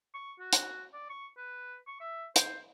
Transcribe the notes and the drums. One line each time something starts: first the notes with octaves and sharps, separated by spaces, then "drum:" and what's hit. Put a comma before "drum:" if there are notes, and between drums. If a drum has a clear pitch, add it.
C#6
F#4
drum: hi-hat
D5
C#6
B4
C#6
E5
C5, drum: hi-hat